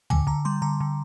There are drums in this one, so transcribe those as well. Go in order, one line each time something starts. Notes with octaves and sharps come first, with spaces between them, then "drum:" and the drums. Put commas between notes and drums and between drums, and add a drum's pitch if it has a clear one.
D3 G#5, drum: tom
D3 A#5
G3 C6
D3 A#5
D3